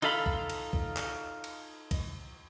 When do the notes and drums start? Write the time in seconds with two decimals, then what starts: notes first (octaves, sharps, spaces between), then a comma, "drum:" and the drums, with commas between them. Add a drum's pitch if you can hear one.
0.02 D#4 F4 A4 F5 B5, drum: cymbal
0.26 drum: kick
0.50 drum: cymbal
0.73 drum: kick
0.97 drum: clap
1.44 drum: cymbal
1.91 drum: kick, cymbal